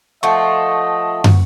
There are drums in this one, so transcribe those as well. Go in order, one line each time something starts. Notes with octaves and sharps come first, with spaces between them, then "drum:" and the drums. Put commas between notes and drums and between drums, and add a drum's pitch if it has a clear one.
F3 A3 D#5 F#5 C#6
drum: tom